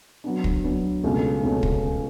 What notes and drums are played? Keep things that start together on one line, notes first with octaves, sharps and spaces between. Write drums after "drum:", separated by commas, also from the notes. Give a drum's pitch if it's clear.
F#3 B3 D4
drum: kick
F#3 B3 D4
C#2 B2 A3 C#4
C#2 B2 A3 C#4
drum: kick